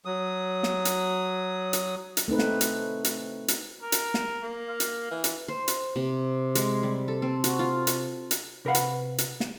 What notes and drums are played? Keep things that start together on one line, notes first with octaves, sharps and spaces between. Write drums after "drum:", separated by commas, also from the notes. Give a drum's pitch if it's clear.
F#3 D#6
drum: snare
drum: hi-hat
drum: hi-hat
drum: hi-hat
A3 C4 D#4 B4
drum: snare
drum: hi-hat
drum: hi-hat
drum: hi-hat
A#4
drum: hi-hat
drum: snare
A#3
F5
drum: hi-hat
E3
drum: hi-hat
C5
drum: hi-hat
C3
G#3, drum: hi-hat
G3
A4
C4
F#4, drum: hi-hat
F4
drum: hi-hat
drum: hi-hat
C3 A#4 B4 F5 F#5
drum: hi-hat
drum: hi-hat
drum: snare